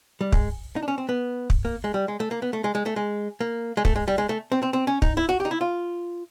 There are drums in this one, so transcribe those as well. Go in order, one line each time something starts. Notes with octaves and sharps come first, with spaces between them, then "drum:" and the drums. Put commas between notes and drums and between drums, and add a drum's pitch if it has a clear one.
G3
G#3, drum: kick
D#4
D4
C#4
C4
B3
drum: kick
A#3
G#3
G3
G#3
A3
A#3
B3
A3
G#3
G#3
A3
G#3
A#3
G#3
A3, drum: kick
G#3
G3
G#3
A3
C4
C4
C4
C#4
D#4, drum: kick
E4
F#4
G4
D#4
E4
F4